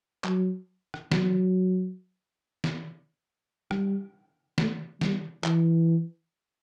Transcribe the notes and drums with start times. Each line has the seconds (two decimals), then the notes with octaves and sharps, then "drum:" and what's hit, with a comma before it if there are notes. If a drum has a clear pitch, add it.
0.24 F#3, drum: clap
0.94 drum: rim click
1.12 F#3, drum: snare
2.64 drum: snare
3.71 G3, drum: rim click
4.58 A3, drum: snare
5.01 G3, drum: snare
5.44 E3, drum: clap